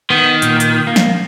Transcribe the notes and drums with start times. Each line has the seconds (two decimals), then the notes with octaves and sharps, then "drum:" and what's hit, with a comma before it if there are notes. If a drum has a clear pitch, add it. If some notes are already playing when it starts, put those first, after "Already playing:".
0.10 D#3 B3
0.42 A#2, drum: hi-hat
0.60 drum: hi-hat
0.87 A#3
0.96 drum: snare